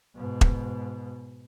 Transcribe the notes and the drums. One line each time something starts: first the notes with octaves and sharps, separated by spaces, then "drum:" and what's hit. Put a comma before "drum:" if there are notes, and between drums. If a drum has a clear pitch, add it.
G#2 B2
drum: kick E1